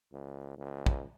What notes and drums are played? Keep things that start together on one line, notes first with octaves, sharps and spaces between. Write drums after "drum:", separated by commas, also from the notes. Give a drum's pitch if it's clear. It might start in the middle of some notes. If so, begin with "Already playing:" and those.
C#2
C#2
drum: kick